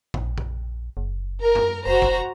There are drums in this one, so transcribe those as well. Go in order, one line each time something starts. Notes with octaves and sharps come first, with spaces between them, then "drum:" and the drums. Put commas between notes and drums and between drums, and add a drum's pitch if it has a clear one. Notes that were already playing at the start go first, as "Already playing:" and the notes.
A#1, drum: kick
drum: kick
F#1
A#4
drum: tom F#2
F1 F#4 C5 A#5
drum: kick